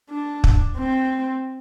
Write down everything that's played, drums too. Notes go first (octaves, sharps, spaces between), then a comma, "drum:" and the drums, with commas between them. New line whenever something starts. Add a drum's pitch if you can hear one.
D4
drum: kick
C4